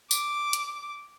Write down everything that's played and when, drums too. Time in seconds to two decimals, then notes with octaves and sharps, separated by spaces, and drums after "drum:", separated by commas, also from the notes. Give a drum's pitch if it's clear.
0.11 D6, drum: tambourine
0.53 drum: hi-hat